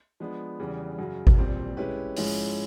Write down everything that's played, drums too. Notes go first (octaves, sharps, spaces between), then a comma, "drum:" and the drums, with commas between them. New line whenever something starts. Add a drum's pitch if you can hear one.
F3 G#3 B3 D4
E2 C#3 E3 G3
F#2 C#3 F#3
drum: kick G#1
A#2 G3 C4
G#3 C#4 E4 G4 B4
G#2 F3 G#3 C#4 E4, drum: open hi-hat